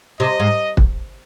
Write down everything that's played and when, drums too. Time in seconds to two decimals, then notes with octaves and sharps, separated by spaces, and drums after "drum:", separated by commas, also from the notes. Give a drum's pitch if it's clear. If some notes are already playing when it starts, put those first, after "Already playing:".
0.20 C3 D#5
0.40 G#2
0.77 drum: kick